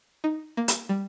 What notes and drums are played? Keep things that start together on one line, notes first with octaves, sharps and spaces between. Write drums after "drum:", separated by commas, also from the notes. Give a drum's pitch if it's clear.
D#4
A#3
drum: hi-hat
G3